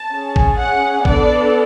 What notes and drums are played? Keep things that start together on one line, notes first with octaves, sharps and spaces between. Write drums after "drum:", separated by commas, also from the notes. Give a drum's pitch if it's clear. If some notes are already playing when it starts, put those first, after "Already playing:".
Already playing: A5
C#4 G#4
drum: kick
F#5
B3 D4 A4 D5, drum: kick